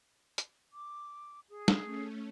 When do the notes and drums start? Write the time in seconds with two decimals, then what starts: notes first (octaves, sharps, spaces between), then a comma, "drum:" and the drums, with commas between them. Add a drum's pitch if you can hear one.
0.38 drum: hi-hat
0.73 D6
1.49 G#4
1.68 drum: snare
1.81 A3 C#4